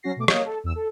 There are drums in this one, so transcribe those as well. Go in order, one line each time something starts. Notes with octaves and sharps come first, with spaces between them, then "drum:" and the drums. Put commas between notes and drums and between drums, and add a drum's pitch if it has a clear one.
F#3 C#4 F#4 A#6 C7
B2 A3 D6
A#3 C#5 D#5 F5, drum: rim click
A4
E2 E6
A4